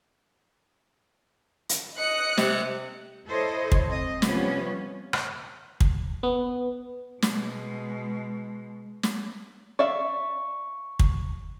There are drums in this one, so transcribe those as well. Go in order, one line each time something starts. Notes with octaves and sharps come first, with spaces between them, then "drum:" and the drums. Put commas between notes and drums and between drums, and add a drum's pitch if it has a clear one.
drum: hi-hat
D#5 F#6 C#7
C3, drum: snare
E4 A4 C5 C#5 D#5
drum: kick
C4 D#5
C3 F3 G3 B3 C#4, drum: snare
drum: rim click
drum: kick
B3
B2 G#3, drum: snare
drum: snare
D5 E5 F5 C#6
drum: kick